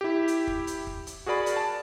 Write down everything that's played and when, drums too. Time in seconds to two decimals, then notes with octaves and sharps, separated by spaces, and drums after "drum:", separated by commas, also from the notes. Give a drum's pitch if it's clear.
0.01 E4 G4
0.28 drum: hi-hat
0.47 drum: kick
0.67 drum: hi-hat
0.87 drum: kick
1.07 drum: hi-hat
1.26 F#4 G#4 A#4 D5 B5
1.46 drum: hi-hat
1.57 A5